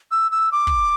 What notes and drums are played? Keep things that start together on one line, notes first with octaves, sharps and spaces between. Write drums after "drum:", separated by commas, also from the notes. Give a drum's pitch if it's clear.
E6
E6
D6
drum: kick